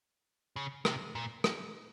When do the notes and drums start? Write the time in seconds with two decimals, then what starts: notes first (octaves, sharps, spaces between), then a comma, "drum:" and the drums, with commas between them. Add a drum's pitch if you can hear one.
0.56 C#3
0.85 C3, drum: rim click
1.15 A#2
1.44 drum: rim click